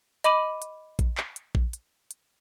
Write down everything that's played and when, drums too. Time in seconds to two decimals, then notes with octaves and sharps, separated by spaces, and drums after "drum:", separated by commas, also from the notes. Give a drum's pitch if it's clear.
0.24 D#5 B5 D6 D#7 F#7, drum: hi-hat
0.62 drum: hi-hat
0.99 drum: kick A#1, hi-hat
1.17 drum: clap
1.36 drum: hi-hat
1.55 drum: kick A#1
1.73 drum: hi-hat
2.11 drum: hi-hat